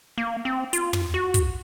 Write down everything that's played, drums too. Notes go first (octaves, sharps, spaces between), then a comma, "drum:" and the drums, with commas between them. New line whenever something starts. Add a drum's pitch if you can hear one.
A#3
C4
F4, drum: hi-hat
drum: tom
F#4
drum: kick, hi-hat